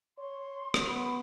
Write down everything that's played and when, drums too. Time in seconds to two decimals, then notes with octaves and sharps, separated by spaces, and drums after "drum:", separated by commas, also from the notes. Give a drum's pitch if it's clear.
0.18 C#5 C6
0.74 drum: rim click
0.87 B3 B5